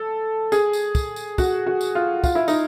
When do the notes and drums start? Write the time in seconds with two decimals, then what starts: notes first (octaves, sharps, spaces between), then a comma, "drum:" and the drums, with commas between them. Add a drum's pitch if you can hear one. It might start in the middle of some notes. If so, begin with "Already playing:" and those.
Already playing: A4
0.52 G#4, drum: tambourine
0.73 drum: tambourine
0.95 drum: kick, tambourine
1.16 drum: tambourine
1.38 F#4, drum: kick, tambourine
1.67 F#4
1.81 drum: tambourine
1.95 F4
2.24 F4, drum: kick, tambourine
2.35 E4
2.48 D#4, drum: tambourine